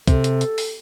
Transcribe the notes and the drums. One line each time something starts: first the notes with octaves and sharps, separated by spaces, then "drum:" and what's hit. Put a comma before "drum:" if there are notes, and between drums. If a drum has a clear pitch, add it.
C3 A4, drum: kick, hi-hat
drum: hi-hat
drum: hi-hat
drum: open hi-hat